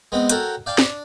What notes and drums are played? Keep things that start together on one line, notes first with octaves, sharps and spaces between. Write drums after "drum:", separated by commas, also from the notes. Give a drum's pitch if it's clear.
G#3 B3 C4
F#4 A4 A#4 C#5 F#5 G5, drum: hi-hat
D5 F5 G5 A5
D4, drum: snare